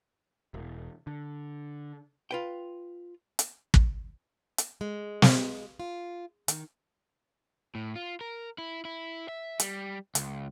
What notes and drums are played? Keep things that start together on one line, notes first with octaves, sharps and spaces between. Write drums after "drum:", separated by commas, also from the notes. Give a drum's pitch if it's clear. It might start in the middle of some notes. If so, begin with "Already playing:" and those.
E1
D3
F4 B4 G5
drum: hi-hat
drum: kick
drum: hi-hat
G#3
drum: snare
F4
D#3, drum: hi-hat
A2
F4
A#4
E4
E4
E5
G3, drum: hi-hat
C#2, drum: hi-hat